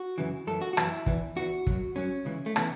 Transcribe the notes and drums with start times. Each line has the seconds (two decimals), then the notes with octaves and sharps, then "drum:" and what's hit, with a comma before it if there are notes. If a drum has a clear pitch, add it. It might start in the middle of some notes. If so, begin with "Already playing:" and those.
Already playing: F#4
0.18 F#2 C#3 E3
0.47 F#2 E3 A4
0.61 F#4
0.73 F#4
0.77 F#2 E3 E4, drum: rim click
1.06 E2 E3, drum: kick
1.36 E2 E3 F#4
1.67 F#2 F#3, drum: kick
1.95 F#2 F#3 C#4
2.25 C#2 C#3 E3
2.46 A3
2.56 C#3 E3 B3, drum: rim click